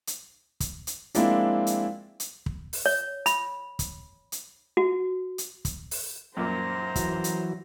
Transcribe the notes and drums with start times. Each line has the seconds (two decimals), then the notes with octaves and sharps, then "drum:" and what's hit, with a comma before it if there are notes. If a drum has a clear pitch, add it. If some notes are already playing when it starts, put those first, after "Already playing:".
0.07 drum: hi-hat
0.60 drum: kick, hi-hat
0.87 drum: hi-hat
1.14 F3 G#3 A#3 C4 D4 E4, drum: hi-hat
1.67 drum: hi-hat
2.20 drum: hi-hat
2.46 drum: kick
2.73 drum: open hi-hat
2.86 C#5
3.26 B5, drum: hi-hat
3.79 drum: kick, hi-hat
4.32 drum: hi-hat
4.77 F#4
5.38 drum: hi-hat
5.65 drum: kick, hi-hat
5.91 drum: open hi-hat
6.37 F#2 A#2 A#3 C5 A#5
6.96 E3 F#3, drum: kick, hi-hat
7.24 drum: hi-hat